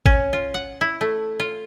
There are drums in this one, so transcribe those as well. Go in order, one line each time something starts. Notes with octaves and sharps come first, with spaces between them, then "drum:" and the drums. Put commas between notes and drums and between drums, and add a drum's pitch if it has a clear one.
C#4, drum: kick G#1
F4
F#5
E4
A3
F4